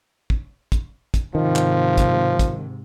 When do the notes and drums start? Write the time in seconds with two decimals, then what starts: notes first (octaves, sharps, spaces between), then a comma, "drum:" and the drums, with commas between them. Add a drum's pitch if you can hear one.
0.30 drum: kick
0.72 drum: kick, hi-hat
1.14 drum: kick, hi-hat
1.35 G#2 C3 D#3 F3
1.56 drum: clap
1.98 drum: kick, hi-hat
2.39 drum: kick, hi-hat